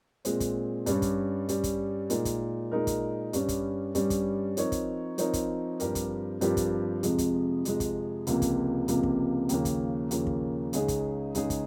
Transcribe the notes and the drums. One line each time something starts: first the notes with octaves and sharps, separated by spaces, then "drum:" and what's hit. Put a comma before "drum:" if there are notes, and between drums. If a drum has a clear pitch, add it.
A#2 G#3 C4, drum: hi-hat
drum: kick, hi-hat
G2 G3 C#4, drum: hi-hat
drum: kick, hi-hat
G2 G3 C#4, drum: hi-hat
drum: kick, hi-hat
A#2 G#3 D#4 A#4, drum: hi-hat
drum: kick, hi-hat
A#2 G#3 D#4 A#4
drum: kick, hi-hat
G2 G3 C#4, drum: hi-hat
drum: kick, hi-hat
G2 G3 C#4, drum: hi-hat
drum: kick, hi-hat
F3 C4 D#4 A#4 C#5, drum: hi-hat
drum: kick, hi-hat
F3 C4 D#4 A#4 C#5, drum: hi-hat
drum: kick, hi-hat
G2 F3 C4 G4 A#4, drum: hi-hat
drum: kick, hi-hat
G2 F3 C4 G4 A#4, drum: hi-hat
drum: kick, hi-hat
F2 C3 F3 G#3, drum: hi-hat
drum: kick, hi-hat
F2 C3 F3 G#3, drum: hi-hat
drum: kick, hi-hat
C#2 C3 F3 A#3, drum: hi-hat
drum: kick, hi-hat
C#2 C3 F3 A#3, drum: hi-hat
drum: kick
D#2 C#3 F3 A#3, drum: hi-hat
drum: kick, hi-hat
D#2 C#3 F3 A#3, drum: hi-hat
drum: kick
C#2 C#3 G#3 D#4 G#4, drum: hi-hat
drum: kick, hi-hat
C#2 C#3 G#3 D#4 G#4, drum: hi-hat
drum: kick, hi-hat